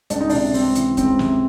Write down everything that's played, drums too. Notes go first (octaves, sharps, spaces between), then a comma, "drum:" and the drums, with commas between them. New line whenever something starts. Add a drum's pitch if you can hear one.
C#2 D4, drum: hi-hat
D#4
C3 D4, drum: open hi-hat
C#2 C4, drum: open hi-hat
E3, drum: hi-hat
C#2 C4, drum: kick F1, hi-hat
C3, drum: snare